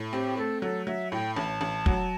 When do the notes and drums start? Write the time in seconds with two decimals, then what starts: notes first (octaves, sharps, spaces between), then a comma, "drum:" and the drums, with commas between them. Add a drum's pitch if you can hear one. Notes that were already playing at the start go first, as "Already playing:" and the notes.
Already playing: A2
0.13 C4 G4
0.37 A3 A4
0.62 F#3 A4
0.87 F#3 E5
1.12 A2 G5
1.36 A1 A5
1.61 A1
1.86 F#3, drum: kick